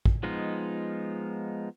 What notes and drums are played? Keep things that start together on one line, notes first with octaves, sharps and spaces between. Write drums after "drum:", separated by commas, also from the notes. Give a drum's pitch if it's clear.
drum: kick
F3 G#3 B3 D#4 F4